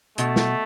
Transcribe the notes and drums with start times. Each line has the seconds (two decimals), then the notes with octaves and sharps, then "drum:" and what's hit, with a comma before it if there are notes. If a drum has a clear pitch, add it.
0.18 B2 A3, drum: hi-hat
0.36 drum: snare